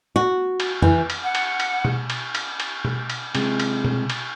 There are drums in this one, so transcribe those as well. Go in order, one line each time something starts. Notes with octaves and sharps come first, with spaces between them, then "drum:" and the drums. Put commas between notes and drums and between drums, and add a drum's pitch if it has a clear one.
F#4
drum: cymbal
E3, drum: tom F2
drum: cymbal
F#5
drum: cymbal
drum: cymbal
drum: tom B2
drum: cymbal
drum: cymbal
drum: cymbal
drum: tom B2
drum: cymbal
C3 G#3, drum: cymbal
drum: cymbal
drum: tom B2
drum: cymbal